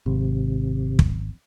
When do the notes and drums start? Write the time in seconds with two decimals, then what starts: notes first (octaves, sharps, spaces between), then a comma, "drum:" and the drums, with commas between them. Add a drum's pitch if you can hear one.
0.06 G#1 C3
0.99 drum: kick